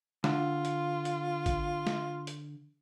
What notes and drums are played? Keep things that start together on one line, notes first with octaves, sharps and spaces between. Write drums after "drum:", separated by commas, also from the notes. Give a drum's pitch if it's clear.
D3 F4, drum: snare
drum: hi-hat
drum: hi-hat
drum: kick A1, hi-hat
drum: snare
drum: hi-hat